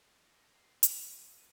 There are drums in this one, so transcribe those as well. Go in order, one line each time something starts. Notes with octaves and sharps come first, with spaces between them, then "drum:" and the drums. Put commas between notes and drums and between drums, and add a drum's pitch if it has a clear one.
A#6
C7
C#7, drum: hi-hat
D#7